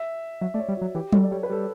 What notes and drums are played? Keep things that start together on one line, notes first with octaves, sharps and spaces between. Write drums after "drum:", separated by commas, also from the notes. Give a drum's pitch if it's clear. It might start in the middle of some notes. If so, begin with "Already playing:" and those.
Already playing: E5
F#3 E5
A3 D5
C#5
G3
F#3 F#4
E3 G4
F#3 A4, drum: tom F#3
D5
G3 C#5
B4
G3 A4